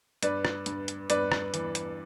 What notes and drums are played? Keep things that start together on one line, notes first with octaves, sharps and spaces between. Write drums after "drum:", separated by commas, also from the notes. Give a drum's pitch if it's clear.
G2 B4 D5, drum: hi-hat
drum: rim click
G2, drum: hi-hat
drum: hi-hat
G2 B4 D5, drum: hi-hat
drum: rim click
E3, drum: hi-hat
drum: hi-hat